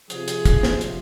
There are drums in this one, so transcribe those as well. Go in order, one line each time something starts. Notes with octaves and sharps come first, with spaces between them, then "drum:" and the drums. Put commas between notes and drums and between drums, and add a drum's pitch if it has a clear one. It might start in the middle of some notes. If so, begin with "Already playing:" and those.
C3 F3 G#4, drum: hi-hat
drum: hi-hat
drum: kick, hi-hat
drum: snare
drum: hi-hat